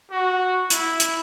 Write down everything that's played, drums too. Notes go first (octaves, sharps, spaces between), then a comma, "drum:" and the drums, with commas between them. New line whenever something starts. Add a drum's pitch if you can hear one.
F#4
E4, drum: hi-hat
drum: hi-hat